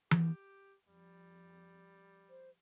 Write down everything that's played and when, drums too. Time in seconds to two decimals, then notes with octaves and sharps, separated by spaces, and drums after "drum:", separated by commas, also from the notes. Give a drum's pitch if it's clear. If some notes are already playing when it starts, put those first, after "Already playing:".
0.11 G4, drum: tom E3
0.89 F2 G3
2.30 C5